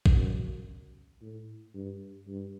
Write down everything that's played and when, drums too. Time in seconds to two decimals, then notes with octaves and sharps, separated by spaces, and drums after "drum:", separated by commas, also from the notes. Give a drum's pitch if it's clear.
0.06 drum: kick
0.16 F#2
1.22 A2
1.74 G2
2.28 G2